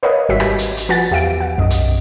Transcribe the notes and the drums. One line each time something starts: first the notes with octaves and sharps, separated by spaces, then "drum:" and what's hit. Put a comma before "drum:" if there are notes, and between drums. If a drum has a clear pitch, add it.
A#4 B4 C#5 D#5 F5
G#1 G3 F#4 G4 E5 B6
drum: rim click
drum: hi-hat
drum: hi-hat
F3 F#4 B4 F#5 G#5 A6
E2 G4 E5 F5 D7
F#5
B1 F#2 D#5
drum: hi-hat